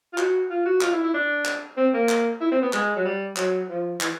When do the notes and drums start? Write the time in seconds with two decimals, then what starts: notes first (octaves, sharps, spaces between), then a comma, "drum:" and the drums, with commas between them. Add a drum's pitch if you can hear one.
0.13 F4
0.18 F#4, drum: clap
0.50 F4
0.65 F#4
0.81 F4, drum: clap
0.93 E4
1.03 E4
1.14 D4
1.45 drum: clap
1.77 C4
1.93 A#3
2.09 drum: clap
2.41 E4
2.52 C4
2.62 B3
2.73 G#3, drum: clap
2.96 F#3
3.04 G3
3.36 F#3, drum: clap
3.69 F3
4.01 E3, drum: clap